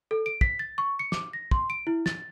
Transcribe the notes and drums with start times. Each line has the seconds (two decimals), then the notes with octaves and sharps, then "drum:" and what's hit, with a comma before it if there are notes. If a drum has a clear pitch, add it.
0.11 A4
0.26 D7
0.41 B6, drum: kick
0.59 A6
0.78 C#6
0.99 C#7
1.12 D6, drum: snare
1.33 A#6
1.51 C6, drum: kick
1.70 D7
1.87 E4
2.06 A6, drum: snare